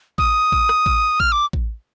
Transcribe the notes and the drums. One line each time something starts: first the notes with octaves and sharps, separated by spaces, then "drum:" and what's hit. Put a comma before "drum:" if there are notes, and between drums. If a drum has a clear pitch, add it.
D#6, drum: kick A1
drum: kick A1
drum: rim click
drum: kick A1
F6, drum: kick A1
D6
drum: kick A1